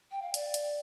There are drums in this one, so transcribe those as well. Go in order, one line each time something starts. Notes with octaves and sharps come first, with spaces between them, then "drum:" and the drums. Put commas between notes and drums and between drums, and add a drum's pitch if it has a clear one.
G5
F5
D5, drum: hi-hat
drum: hi-hat